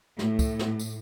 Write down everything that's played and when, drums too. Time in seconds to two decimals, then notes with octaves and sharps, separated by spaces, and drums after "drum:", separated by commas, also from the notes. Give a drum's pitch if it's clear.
0.19 A2, drum: snare
0.39 drum: kick, tambourine
0.59 drum: snare
0.79 drum: tambourine